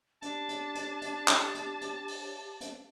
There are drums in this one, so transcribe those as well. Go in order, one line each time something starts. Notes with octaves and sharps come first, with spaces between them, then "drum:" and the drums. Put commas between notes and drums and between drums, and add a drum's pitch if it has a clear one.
D4 G4 A5, drum: hi-hat
drum: hi-hat
drum: hi-hat
drum: hi-hat
drum: clap
drum: hi-hat
drum: hi-hat
drum: open hi-hat
drum: hi-hat